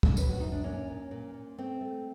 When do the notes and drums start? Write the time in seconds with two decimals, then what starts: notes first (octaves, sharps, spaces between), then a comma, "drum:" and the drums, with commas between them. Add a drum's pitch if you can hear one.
0.03 drum: kick
0.17 F#3 B4, drum: tambourine
0.29 F#4
0.40 F#2 D#4
0.52 D4
0.64 A#2 C#4
0.88 A#2
1.11 A#2
1.34 A#2
1.58 A3 C4
1.81 A3